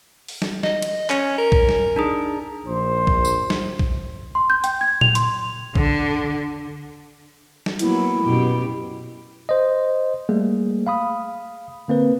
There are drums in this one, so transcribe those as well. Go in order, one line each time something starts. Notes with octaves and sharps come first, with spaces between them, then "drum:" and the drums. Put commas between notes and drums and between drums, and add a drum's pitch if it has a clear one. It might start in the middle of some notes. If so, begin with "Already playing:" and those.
drum: open hi-hat
drum: snare
D#5, drum: snare
drum: cymbal
C#4 G#5, drum: clap
A#4
drum: kick
drum: snare
D4 D#4 G#4
A#1 C5
drum: kick
drum: tambourine
drum: snare
drum: kick
C6
G6
G5, drum: hi-hat
G#6
F7, drum: tom A#2
C6, drum: hi-hat
D3, drum: kick
drum: snare
F#3 A#3 B3 E4, drum: hi-hat
F#2 B2 G4
C5 D#5
G3 A3 A#3 G#4
F5 B5 D#6
D3 A#3 C4 B4